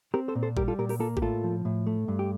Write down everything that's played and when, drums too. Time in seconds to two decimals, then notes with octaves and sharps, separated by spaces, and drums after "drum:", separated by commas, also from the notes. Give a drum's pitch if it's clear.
0.14 C4 G4 A#4
0.28 A4 C5
0.35 A#2
0.43 A4 C5
0.57 G3 G4 A#4, drum: kick A1
0.68 F4 A4
0.79 A#2 G4 A#4
0.89 G4 A#4, drum: open hi-hat
1.00 A#3 F4 A4
1.17 G4, drum: kick A1
1.22 A2 F4 A4
1.44 F3
1.65 A2
1.87 A3
2.08 G2
2.19 G4